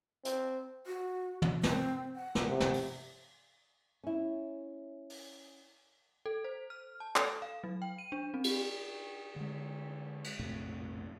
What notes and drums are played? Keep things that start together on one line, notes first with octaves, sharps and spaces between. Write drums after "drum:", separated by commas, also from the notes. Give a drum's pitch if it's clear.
C4, drum: hi-hat
F#4
drum: tom
C4, drum: snare
F#5
drum: snare
C3
drum: snare
drum: open hi-hat
C#4 E4
drum: open hi-hat
A4
C5
F6
A5
A4, drum: clap
F5
F#3
G5
D#7
D4
C4
drum: cymbal
D3 G#3
drum: cymbal
A#1 F2 A2 C3